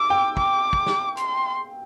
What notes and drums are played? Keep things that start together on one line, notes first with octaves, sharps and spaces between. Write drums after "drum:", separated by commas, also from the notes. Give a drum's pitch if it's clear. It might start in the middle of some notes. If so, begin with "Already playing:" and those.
Already playing: D6 E6
G5
D6, drum: kick
drum: kick
drum: snare
C6, drum: hi-hat